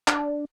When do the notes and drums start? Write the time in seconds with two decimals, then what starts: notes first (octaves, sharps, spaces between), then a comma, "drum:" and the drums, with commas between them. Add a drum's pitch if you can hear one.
0.08 D4, drum: clap